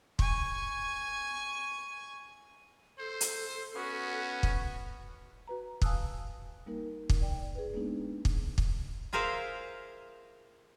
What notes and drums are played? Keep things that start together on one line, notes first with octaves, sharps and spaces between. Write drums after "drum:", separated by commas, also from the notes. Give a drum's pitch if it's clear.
G#5 C#6, drum: kick
A4 C5
drum: hi-hat
B3 C#4 F#4
drum: kick
F#4 B4 A#5
F5 G#5 A5 D#6 E6 F#6, drum: kick
G3 A#3 D#4 A#4
drum: kick
D5 G5
G#4 B4
G#3 A#3 B3 D4 D#4
drum: kick
drum: kick
F4 G#4 A#4 C5 E5 F5